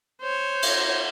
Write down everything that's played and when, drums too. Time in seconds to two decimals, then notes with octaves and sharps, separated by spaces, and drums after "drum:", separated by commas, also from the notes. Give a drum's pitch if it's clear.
0.22 C5 C#5
0.62 drum: cymbal